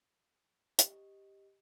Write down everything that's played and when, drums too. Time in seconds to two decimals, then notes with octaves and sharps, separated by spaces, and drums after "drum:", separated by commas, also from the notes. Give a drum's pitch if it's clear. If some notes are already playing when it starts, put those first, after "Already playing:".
0.79 G4 D#5, drum: hi-hat